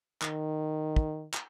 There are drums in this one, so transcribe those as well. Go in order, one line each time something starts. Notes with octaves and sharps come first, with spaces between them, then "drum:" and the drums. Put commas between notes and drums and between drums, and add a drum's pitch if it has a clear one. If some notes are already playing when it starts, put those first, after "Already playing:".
D#3, drum: clap
drum: kick
drum: clap